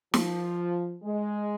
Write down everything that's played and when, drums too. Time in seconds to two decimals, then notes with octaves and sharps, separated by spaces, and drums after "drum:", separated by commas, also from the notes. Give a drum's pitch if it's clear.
0.14 F3, drum: snare
1.04 G#3